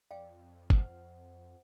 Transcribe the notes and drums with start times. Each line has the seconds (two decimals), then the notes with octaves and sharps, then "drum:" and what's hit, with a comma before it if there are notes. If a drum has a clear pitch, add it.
0.11 F2 D5 F5 G5
0.70 C5 F#5 F6, drum: kick G1